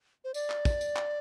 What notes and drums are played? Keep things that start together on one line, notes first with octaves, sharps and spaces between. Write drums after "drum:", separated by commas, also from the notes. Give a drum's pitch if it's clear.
C5
D5, drum: tambourine
drum: clap
drum: kick, tambourine
drum: tambourine
drum: clap